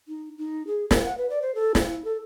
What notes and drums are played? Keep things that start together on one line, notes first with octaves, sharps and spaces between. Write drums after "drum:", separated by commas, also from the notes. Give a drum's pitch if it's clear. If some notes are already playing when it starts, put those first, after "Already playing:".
D#4
D#4
G#4
A#4, drum: snare
F#5
B4
D5
C5
A4
E4, drum: snare
A4